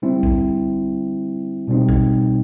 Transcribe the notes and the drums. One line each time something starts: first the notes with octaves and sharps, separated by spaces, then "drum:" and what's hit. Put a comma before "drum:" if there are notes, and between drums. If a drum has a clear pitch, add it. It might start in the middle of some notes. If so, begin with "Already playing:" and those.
D3 G3 C4 E4
drum: kick A#1
B2 G3 C4 D#4
drum: kick A#1